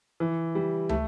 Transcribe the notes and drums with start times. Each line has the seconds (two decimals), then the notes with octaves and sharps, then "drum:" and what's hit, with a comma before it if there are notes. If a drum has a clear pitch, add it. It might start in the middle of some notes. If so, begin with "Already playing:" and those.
0.20 E3
0.55 G3
0.89 A3, drum: tom